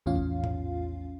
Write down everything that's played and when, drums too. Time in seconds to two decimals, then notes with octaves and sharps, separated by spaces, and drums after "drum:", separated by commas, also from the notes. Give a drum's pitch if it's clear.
0.06 A#1 E2 A2 C#4 F4 F5
0.16 drum: kick G#1
0.44 drum: tom G#2